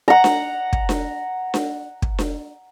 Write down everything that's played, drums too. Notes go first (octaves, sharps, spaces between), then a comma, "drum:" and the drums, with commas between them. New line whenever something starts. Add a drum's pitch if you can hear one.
F#5 A#5
drum: snare D4
drum: kick
drum: snare D4
drum: snare D4
drum: kick
drum: snare D4